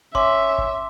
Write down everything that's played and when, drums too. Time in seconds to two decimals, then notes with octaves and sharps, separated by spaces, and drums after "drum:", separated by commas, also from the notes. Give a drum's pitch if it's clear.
0.15 C#4 E5 C6 D6, drum: kick G1
0.58 drum: kick G1